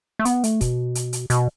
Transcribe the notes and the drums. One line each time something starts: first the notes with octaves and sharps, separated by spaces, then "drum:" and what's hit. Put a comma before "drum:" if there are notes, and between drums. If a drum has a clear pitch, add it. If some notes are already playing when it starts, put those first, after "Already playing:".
A3
B3, drum: hi-hat
A3, drum: hi-hat
B2, drum: kick, hi-hat
drum: hi-hat
drum: hi-hat
B2, drum: hi-hat